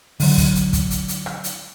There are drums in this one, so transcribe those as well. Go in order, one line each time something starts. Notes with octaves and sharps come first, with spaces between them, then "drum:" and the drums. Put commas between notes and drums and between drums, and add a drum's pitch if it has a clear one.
D3 F#3, drum: open hi-hat
drum: kick, hi-hat
drum: hi-hat
drum: kick, hi-hat
drum: hi-hat
drum: hi-hat
drum: rim click
drum: hi-hat